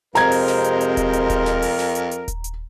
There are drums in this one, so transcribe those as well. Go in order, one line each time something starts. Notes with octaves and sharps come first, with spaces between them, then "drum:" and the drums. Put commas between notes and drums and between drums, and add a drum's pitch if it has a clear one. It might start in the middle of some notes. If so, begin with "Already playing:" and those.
F2 C3 G#3 A#4 C5 A#5 G#6, drum: snare
drum: open hi-hat
drum: snare
drum: hi-hat
drum: hi-hat
drum: kick D#1, hi-hat
drum: hi-hat
drum: kick D#1, hi-hat
drum: snare
drum: open hi-hat
drum: snare
drum: hi-hat
drum: hi-hat
drum: kick D#1, hi-hat
drum: hi-hat